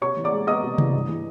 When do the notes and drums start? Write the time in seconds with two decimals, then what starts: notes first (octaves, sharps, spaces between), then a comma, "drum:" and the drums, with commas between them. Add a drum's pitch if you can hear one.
0.01 C3 C#5 C#6
0.17 E3
0.24 D5 D6
0.32 G#3
0.47 B3 D#5 D#6
0.63 C3
0.78 E3, drum: tom C3
0.94 G2
1.09 E3